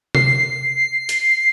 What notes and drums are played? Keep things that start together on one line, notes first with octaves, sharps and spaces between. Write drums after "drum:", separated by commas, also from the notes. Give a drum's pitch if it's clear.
C7, drum: tom C3
drum: hi-hat